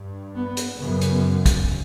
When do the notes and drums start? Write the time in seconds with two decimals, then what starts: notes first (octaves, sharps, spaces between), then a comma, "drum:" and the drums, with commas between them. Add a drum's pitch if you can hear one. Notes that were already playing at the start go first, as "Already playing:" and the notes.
Already playing: G2
0.35 B3
0.57 drum: hi-hat
0.79 F#2 C#3 B3
1.01 drum: hi-hat
1.46 drum: kick, hi-hat